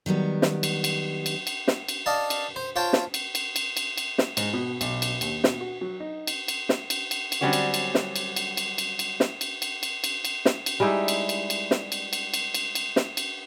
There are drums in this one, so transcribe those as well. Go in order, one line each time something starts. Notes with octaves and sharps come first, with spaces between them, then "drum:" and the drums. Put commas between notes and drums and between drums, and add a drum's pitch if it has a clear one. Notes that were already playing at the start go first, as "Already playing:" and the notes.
D#3 F#3 G3 B3
drum: snare
drum: cymbal
drum: cymbal
drum: cymbal
drum: cymbal
drum: snare
drum: cymbal
D5 D#5 F5 A5
drum: cymbal
C5
F4 C5 C#5 G5 A5
drum: snare
drum: cymbal
drum: cymbal
drum: cymbal
drum: cymbal
drum: cymbal
drum: snare
G#2, drum: cymbal
B2
B1, drum: cymbal
drum: cymbal
D#2, drum: cymbal
B2, drum: snare
F#4
F#3
D#4
drum: cymbal
drum: cymbal
drum: snare
drum: cymbal
drum: cymbal
drum: cymbal
D3 F#3 G3 C4 C#4 F#4
drum: cymbal
drum: cymbal
drum: snare
drum: cymbal
drum: cymbal
drum: cymbal
drum: cymbal
drum: cymbal
drum: snare
drum: cymbal
drum: cymbal
drum: cymbal
drum: cymbal
drum: cymbal
drum: snare
drum: cymbal
G3 G#3 D#4 E4
drum: cymbal
drum: cymbal
drum: cymbal
drum: snare
drum: cymbal
drum: cymbal
drum: cymbal
drum: cymbal
drum: cymbal
drum: snare
drum: cymbal